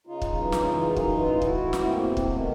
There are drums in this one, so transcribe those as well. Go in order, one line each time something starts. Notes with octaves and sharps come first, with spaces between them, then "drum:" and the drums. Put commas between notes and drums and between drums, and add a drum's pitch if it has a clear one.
C#3 D#4 F4
F#2, drum: kick
E3
C#3, drum: snare
E3
F#2
F#4
E3 D#4 F4, drum: kick
E3
A2
F4
A2 E4 F#4, drum: kick
A2
A2, drum: snare
E2 A#3 C4
C3
C3, drum: kick
D#3 A3 B3